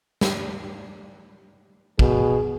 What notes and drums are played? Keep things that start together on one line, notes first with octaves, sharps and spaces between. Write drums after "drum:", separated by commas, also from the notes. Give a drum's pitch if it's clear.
drum: snare
B2 G#4, drum: kick